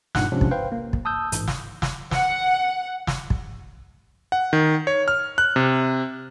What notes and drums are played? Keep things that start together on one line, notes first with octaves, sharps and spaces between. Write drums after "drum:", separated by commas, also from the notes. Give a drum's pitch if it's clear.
G2 A#2 D#4 F#5 F#6, drum: snare
C3 F3 G#3 C#4 D4
drum: kick
B4 C5 F5 G5
A#3
drum: kick
A5 D#6 E6 G6
A1 G#2, drum: hi-hat
drum: snare
drum: snare
F#5, drum: snare
drum: snare
drum: kick
F#5
D#3
C#5
F6
F#6
C3